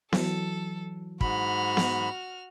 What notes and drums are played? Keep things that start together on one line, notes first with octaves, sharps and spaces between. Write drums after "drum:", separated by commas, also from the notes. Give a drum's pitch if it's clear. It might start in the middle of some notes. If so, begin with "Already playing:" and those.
E3 F#3 A4, drum: snare B3
G#2 F#4 B5 F6, drum: kick
drum: snare B3